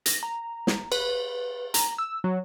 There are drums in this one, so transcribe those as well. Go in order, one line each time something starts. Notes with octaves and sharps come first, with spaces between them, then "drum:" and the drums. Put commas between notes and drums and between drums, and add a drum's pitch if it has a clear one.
A#6, drum: hi-hat
A#5
drum: snare
B4, drum: cymbal
A#5, drum: hi-hat
E6
F#3